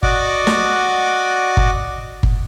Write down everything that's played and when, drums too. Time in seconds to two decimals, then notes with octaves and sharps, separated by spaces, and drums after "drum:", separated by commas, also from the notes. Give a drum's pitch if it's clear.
0.03 F#4 D5 D#5 F#5 D6, drum: kick G1
0.47 drum: snare
1.57 drum: kick G1
2.23 drum: kick G1